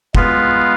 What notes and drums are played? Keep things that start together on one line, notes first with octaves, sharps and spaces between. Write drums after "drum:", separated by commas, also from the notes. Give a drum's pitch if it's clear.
G#3 B3 F4 B4 F5, drum: kick